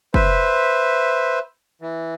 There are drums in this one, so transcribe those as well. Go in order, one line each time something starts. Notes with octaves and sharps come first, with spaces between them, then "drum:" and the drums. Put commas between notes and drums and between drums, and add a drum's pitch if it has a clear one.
B4 C5 E5, drum: kick
E3